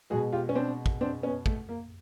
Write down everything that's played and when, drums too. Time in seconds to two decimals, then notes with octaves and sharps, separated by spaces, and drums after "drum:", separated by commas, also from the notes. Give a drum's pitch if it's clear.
0.10 B2 G#3 F#4 G#4
0.33 F4 G4
0.49 C#4
0.55 C4 D4
0.86 drum: kick
1.01 C4 D4
1.23 B3 C#4
1.46 A3, drum: kick
1.69 A#3